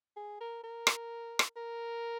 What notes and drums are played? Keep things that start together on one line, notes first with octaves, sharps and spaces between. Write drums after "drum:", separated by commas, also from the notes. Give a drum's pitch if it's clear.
G#4
A#4
A#4
drum: rim click
drum: rim click
A#4